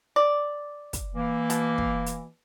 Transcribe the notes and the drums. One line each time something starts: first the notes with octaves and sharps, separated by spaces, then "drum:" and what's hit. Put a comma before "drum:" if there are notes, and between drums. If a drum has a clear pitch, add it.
D5
drum: kick, hi-hat
E3 A#3
B2, drum: hi-hat
drum: kick
drum: hi-hat